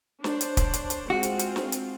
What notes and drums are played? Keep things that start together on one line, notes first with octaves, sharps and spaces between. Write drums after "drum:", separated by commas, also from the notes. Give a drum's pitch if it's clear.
D4 C5 C#5, drum: snare
drum: hi-hat
drum: kick, hi-hat
drum: hi-hat
drum: hi-hat
G#3 C4 F4 F#4
drum: hi-hat
drum: hi-hat
drum: snare
drum: hi-hat